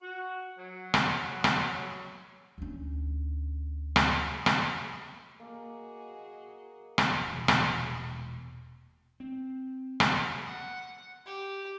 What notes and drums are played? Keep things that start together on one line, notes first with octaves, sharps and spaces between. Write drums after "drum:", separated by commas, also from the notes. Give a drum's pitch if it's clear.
F#4
F#3
drum: rim click
drum: rim click
D2 C#4
drum: rim click
drum: rim click
A#3 F#4 G#4 D#5
drum: rim click
E1 A#2
drum: rim click
C4
drum: rim click
F#5
G4